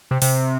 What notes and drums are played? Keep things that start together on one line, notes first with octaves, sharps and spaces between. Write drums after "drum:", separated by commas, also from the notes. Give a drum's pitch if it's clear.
C3
C3, drum: open hi-hat